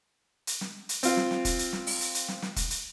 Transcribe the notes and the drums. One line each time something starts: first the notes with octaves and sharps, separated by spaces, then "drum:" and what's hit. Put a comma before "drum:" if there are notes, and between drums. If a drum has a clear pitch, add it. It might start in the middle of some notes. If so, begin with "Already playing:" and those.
drum: hi-hat
drum: snare
drum: hi-hat
C4 F4, drum: hi-hat
drum: snare
drum: snare
drum: kick E1, hi-hat
drum: hi-hat
drum: snare
drum: open hi-hat
drum: hi-hat
drum: hi-hat
drum: snare
drum: snare
drum: kick E1, hi-hat
drum: hi-hat